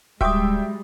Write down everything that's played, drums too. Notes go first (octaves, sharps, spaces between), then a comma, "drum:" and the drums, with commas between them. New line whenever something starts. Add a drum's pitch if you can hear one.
G3 G#3 F#4 E5 G5 D6 D#6, drum: kick D1